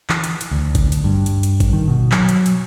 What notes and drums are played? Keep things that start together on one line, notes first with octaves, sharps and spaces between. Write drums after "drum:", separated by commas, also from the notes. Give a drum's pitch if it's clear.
E3, drum: clap
drum: hi-hat
drum: hi-hat
D2
drum: kick G#1, hi-hat
drum: hi-hat
G2
drum: hi-hat
drum: hi-hat
drum: kick G#1, hi-hat
D#3
B2
F#3, drum: clap
drum: hi-hat
drum: hi-hat